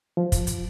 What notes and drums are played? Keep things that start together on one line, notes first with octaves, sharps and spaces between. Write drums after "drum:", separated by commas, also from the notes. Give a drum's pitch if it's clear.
F3
drum: kick, hi-hat
drum: hi-hat